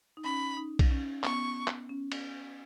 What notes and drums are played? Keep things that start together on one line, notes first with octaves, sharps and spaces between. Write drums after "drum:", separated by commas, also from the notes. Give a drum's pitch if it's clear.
D#4
C#4 B5
D#4
drum: kick B1, cymbal
C#4
B3 C#6, drum: clap
drum: clap
C#4
drum: cymbal